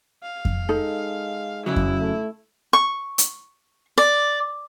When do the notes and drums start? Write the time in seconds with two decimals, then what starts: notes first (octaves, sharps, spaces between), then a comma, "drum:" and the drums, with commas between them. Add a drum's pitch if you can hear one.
0.23 F5
0.45 drum: kick F2
0.69 G#3 D#4 A4
1.66 F#2 C#3 F#3 E4
1.76 drum: kick F2
2.00 A3
2.73 C#6
3.18 drum: hi-hat
3.98 D5